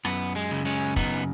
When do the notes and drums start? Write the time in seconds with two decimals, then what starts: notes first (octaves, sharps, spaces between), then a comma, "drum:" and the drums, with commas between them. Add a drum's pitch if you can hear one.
0.05 F#2 B3, drum: rim click
0.36 G#3
0.51 C#3
0.65 G#3 C#4
0.96 F#2 B3 D#4, drum: kick